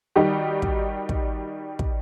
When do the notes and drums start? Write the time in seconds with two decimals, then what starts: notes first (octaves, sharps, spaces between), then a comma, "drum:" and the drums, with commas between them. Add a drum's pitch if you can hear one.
0.16 D#3 G3 D#4 F#4 G4
0.62 drum: kick
1.09 drum: kick
1.79 drum: kick